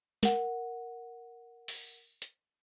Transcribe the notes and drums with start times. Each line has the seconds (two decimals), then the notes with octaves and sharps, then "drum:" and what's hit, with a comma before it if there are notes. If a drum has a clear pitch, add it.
0.23 A#4 F#5, drum: snare
1.68 drum: open hi-hat
2.22 drum: hi-hat